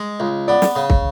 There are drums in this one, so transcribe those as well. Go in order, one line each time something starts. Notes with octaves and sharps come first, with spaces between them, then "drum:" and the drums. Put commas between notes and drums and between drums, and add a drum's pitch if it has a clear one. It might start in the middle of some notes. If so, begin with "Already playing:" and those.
Already playing: G#3
C#2
B3 D5
drum: snare
C#3
drum: kick